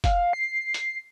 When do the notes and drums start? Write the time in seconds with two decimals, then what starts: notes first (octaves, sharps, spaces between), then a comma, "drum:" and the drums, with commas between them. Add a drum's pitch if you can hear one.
0.04 F5, drum: kick, hi-hat
0.33 C7
0.74 drum: hi-hat